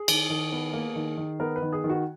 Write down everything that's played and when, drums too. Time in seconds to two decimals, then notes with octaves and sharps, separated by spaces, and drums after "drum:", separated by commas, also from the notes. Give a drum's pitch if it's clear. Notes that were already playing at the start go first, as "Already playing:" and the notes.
Already playing: G#4
0.08 D#3, drum: cymbal
0.30 D#3
0.52 B3
0.73 A#3
0.96 D#3
1.17 D#3
1.40 B3 A#4
1.56 B4
1.62 D#3
1.73 G#4
1.84 D#3
1.89 F#4